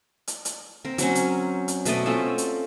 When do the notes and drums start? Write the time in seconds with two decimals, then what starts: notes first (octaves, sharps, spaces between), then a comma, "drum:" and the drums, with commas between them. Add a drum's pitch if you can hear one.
0.27 drum: hi-hat
0.45 drum: hi-hat
0.85 C4 A#4
0.98 F#3 C4 C#4, drum: hi-hat
1.15 drum: hi-hat
1.68 drum: hi-hat
1.85 B2 A3 D5 D#5, drum: hi-hat
2.06 C4 C#4 F4 A4
2.38 drum: hi-hat